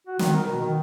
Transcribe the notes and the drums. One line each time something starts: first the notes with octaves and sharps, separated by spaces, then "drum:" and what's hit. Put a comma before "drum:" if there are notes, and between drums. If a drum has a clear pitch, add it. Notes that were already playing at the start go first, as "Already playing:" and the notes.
F#4
D#3, drum: snare
A#4
B2
D#3